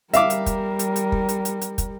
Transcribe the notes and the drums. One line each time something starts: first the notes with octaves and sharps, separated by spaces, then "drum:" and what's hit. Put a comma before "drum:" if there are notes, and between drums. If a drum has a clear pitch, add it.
G3 A#4 E5 F5 D6, drum: hi-hat
drum: hi-hat
drum: kick, hi-hat
drum: hi-hat
drum: hi-hat
drum: kick
drum: hi-hat
drum: hi-hat
drum: hi-hat
drum: kick, hi-hat